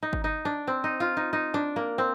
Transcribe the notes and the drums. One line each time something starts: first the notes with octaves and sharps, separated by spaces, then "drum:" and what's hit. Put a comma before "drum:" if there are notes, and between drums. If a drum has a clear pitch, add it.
D#4
drum: kick
D#4
D4
C4
D#4
F4
D#4
D#4
D4
A#3
C4